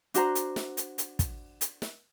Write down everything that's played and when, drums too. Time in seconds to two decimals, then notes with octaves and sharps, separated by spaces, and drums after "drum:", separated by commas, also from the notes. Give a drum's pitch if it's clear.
0.14 D4 F#4 C5 A#5, drum: hi-hat
0.35 drum: hi-hat
0.56 drum: snare
0.77 drum: hi-hat
0.98 drum: hi-hat
1.19 drum: kick, hi-hat
1.61 drum: hi-hat
1.82 drum: snare